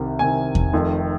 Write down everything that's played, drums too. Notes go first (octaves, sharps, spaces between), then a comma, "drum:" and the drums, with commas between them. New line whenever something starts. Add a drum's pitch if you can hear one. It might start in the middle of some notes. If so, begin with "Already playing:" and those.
Already playing: C2 C3 D#3
C2 C3 D#3 G#5
drum: kick E2
F1 F2 D#3